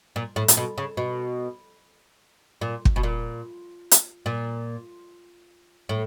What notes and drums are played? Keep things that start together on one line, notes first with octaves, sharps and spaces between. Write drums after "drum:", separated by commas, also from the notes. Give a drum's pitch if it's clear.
A#2
A2
A#2, drum: hi-hat
B2
C#3
B2
A#2
drum: kick
B2
A#2
drum: hi-hat
A#2
A2